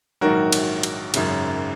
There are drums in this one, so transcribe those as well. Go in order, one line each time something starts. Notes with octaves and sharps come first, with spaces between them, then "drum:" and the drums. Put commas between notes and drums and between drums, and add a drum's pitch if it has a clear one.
A#1 G#2 D#3 F#3 F#4 A#4
drum: cymbal
drum: cymbal
G#1 F#2 C#3, drum: cymbal